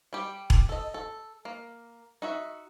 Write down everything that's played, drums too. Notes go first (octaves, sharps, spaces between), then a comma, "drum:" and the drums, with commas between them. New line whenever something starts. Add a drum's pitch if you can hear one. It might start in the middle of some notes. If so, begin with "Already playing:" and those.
G3 G4
drum: kick E1
A4 D#5
A4
A#3
D#4 F#4 E5